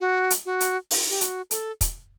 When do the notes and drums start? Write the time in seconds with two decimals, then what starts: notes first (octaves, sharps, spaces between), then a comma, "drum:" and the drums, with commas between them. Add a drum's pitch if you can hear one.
0.01 F#4
0.30 drum: hi-hat
0.46 F#4
0.60 drum: hi-hat
0.91 drum: open hi-hat
1.09 G4
1.21 F#4, drum: hi-hat
1.51 A4, drum: hi-hat
1.81 drum: kick, hi-hat